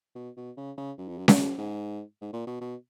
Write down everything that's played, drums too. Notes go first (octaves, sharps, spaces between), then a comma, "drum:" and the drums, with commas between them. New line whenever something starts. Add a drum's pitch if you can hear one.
B2
B2
C#3
C#3
F#2
F2
F#2
F2, drum: snare C#4
F#2
G#2
G#2
A#2
B2
B2